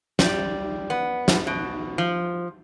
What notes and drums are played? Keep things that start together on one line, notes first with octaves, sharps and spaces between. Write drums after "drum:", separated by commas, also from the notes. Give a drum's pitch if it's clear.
G3, drum: snare
B3
drum: snare
B2
F3